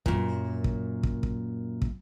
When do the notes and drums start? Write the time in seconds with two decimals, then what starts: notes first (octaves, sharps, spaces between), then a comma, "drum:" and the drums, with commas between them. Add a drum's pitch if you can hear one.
0.06 F#2 A#2, drum: kick
0.64 drum: kick
1.03 drum: kick
1.23 drum: kick
1.82 drum: kick